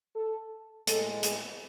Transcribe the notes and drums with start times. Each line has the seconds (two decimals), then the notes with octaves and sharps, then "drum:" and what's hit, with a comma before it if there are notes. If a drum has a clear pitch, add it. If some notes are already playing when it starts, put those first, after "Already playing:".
0.15 A4
0.87 A2 G#3 A4, drum: hi-hat
1.23 G#4, drum: hi-hat